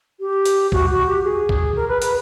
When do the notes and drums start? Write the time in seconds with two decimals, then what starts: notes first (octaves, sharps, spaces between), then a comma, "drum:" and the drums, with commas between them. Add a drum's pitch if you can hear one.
0.20 G4
0.45 drum: hi-hat
0.72 F#4, drum: kick C#2
0.89 F#4
1.06 G4
1.23 G#4
1.49 drum: kick C#2
1.76 A#4
1.88 B4
2.02 B4, drum: hi-hat